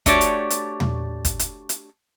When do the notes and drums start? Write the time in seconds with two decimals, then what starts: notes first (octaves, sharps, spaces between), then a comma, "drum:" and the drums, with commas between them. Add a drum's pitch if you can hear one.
0.06 A3 D4 F#4 G4 C#5 D5, drum: kick, hi-hat
0.21 drum: hi-hat
0.50 drum: hi-hat
0.80 drum: tom
1.25 drum: kick, hi-hat
1.39 drum: hi-hat
1.69 drum: hi-hat